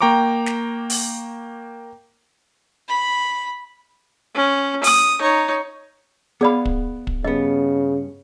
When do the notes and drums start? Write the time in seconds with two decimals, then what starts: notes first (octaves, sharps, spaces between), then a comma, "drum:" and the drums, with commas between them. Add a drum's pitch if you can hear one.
0.01 A#3 G5 A#5 C#6 D6
0.46 drum: snare
0.90 drum: open hi-hat
2.88 B5
4.35 C#4
4.84 D#6, drum: open hi-hat
5.19 D#4 C#5
6.41 B3 G#4 D5 F5 B5
6.65 drum: kick
7.07 drum: kick
7.24 G2 C#3 B3 D#5